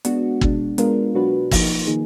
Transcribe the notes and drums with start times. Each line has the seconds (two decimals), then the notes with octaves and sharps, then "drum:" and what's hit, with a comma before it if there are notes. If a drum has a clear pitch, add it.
0.05 G#3 B3 D4 F#4, drum: hi-hat
0.41 B2 G#3 D4, drum: kick
0.78 G#3 B3 D4 F4 A#4, drum: hi-hat
1.14 B2 F#3 D4 F#4 B4
1.51 F3 A#3 D#4, drum: kick, open hi-hat
1.87 D#3 A#3 D#4 G#4